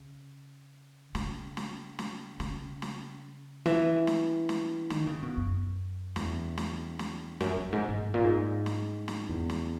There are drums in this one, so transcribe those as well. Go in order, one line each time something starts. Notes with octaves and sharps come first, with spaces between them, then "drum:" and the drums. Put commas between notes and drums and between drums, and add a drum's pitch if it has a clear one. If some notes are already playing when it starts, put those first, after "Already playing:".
Already playing: C#3
C#3, drum: snare
drum: snare
drum: snare
C#3, drum: snare
drum: snare
E3, drum: snare
drum: snare
drum: snare
D#3, drum: snare
C#3
B2
F#2
E2, drum: snare
drum: snare
drum: snare
F#2, drum: snare
F#2
G#2
G#2
G#2
A#2
G#2
drum: snare
drum: snare
E2
drum: snare